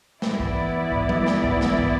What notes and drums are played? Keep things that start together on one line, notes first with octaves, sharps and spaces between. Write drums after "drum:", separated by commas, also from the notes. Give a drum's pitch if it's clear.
E3 B3 E4 D5, drum: snare
drum: kick
drum: kick
drum: tom F#3
drum: snare
drum: kick
drum: snare
drum: kick